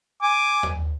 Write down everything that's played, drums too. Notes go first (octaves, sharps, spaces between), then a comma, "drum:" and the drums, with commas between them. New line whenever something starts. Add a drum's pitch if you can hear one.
G#5 D6
drum: tom D#2